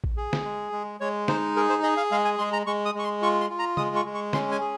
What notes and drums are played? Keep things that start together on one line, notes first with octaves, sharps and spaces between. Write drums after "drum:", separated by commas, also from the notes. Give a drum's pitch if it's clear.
drum: kick A1
G#4
drum: snare
G#3
G#3
G#3 C#5
D#4 C5, drum: snare
G#4 A#4
C5
G#4 D#5
F5
G#3 F5
G#5
G#3 C6
A#5
G#3 C#6
D#6
G#3 C#6
C6
F4 C#6
C6
F4
A#5
G#3 D#6, drum: tom
C#6
G#3
C#6
C#4 C6, drum: snare
G#5
G#4